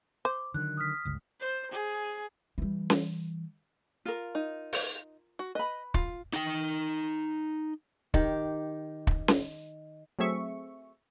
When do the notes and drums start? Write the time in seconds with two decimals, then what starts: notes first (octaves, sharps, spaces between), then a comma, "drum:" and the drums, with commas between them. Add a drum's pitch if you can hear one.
0.25 C5 D6
0.54 D3 D#3 F#3 F#6
0.77 D#6 F6 B6
1.05 G1 C#2
1.40 C5
1.71 G#4
2.58 E3 G3
2.90 drum: snare C#4
4.05 F4 A#4
4.35 D#4
4.73 drum: open hi-hat
5.39 F#4
5.55 B4 D#5 B5
5.94 F4, drum: kick
6.33 D#4 G5, drum: hi-hat
8.14 D#3 G4, drum: kick
9.07 drum: kick
9.28 drum: snare C#4
10.19 F#3 A3 C4 G#4 E5 C#6